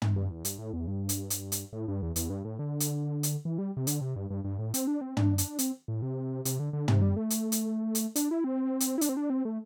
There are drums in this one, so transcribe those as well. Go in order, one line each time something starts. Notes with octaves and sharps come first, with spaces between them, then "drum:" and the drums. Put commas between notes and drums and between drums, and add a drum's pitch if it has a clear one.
drum: tom
G2
E2
G2, drum: hi-hat
A2
E2
G2
drum: hi-hat
drum: hi-hat
drum: hi-hat
A2
G2
E2
E2, drum: hi-hat
G2
A2
D3
drum: hi-hat
drum: hi-hat
E3
G3
C3
D3, drum: hi-hat
C3
G2
G2
G2
A2
C4, drum: hi-hat
D4
C4
D4, drum: tom
D4, drum: hi-hat
C4, drum: hi-hat
A2
C3
C3, drum: hi-hat
D3
D3
C3, drum: tom
G3
A3
drum: hi-hat
drum: hi-hat
drum: hi-hat
D4, drum: hi-hat
E4
C4
drum: hi-hat
E4
D4, drum: hi-hat
C4
D4
C4
A3